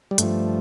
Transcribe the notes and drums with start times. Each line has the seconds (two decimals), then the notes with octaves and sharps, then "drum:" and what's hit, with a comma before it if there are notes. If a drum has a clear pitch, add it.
0.11 G3
0.18 G2 F3 A3, drum: hi-hat